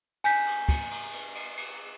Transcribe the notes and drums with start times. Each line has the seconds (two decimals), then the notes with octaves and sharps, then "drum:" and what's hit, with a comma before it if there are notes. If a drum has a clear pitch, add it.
0.24 G#5 G6 B6, drum: cymbal
0.46 drum: cymbal
0.69 drum: kick, cymbal
0.91 drum: cymbal
1.13 drum: cymbal
1.35 drum: cymbal
1.57 drum: cymbal